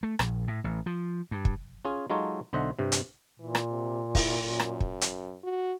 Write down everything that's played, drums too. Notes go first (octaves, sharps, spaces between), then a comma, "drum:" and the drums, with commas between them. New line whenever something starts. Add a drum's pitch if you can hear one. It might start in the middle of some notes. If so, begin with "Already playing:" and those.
A3
A#1, drum: rim click
A2
A1
F3
G2
drum: kick
C#4 F4 G#4 G#5
F#3 G#3 D#4 F4 A4 C#5
B1 D3 C5 D#5 E5 F#5
G2 C3
drum: hi-hat
A#2 E3
drum: rim click
C3
E4, drum: kick, open hi-hat
F#2
drum: rim click
drum: kick
drum: hi-hat
F#4